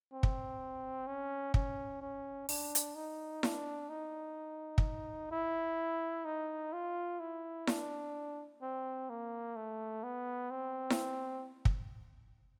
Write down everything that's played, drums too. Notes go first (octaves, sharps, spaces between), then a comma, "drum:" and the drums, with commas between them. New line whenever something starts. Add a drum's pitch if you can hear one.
C4
drum: kick
C#4
C#4, drum: kick
C#4
D4, drum: open hi-hat
drum: hi-hat
D#4
D4, drum: snare E4
D#4
drum: kick
E4
D#4
F4
E4
D4, drum: snare E4
C4
A#3
A3
B3
C4
drum: snare E4
drum: kick